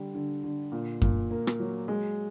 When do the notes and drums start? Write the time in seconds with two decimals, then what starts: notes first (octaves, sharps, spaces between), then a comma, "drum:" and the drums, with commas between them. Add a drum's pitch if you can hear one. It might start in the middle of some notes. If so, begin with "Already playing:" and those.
Already playing: D3 G3
0.15 D3
0.44 D3
0.72 A#2
1.02 A#2, drum: kick F#2
1.31 A#3
1.47 drum: rim click
1.60 F#3
1.88 G#3